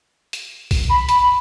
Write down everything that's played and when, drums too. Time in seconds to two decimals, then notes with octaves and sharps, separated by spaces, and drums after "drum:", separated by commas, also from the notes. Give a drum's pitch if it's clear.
0.33 drum: hi-hat
0.71 drum: kick B1, open hi-hat
0.90 B5
1.09 drum: hi-hat